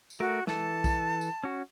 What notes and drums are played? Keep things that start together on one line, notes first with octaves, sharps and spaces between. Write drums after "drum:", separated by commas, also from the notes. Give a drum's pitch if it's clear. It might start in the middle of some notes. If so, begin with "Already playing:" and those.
drum: tambourine
A3 F#4 A#4
E3 A4 A5, drum: snare
drum: kick B1, tambourine
drum: tambourine
C#4 F#4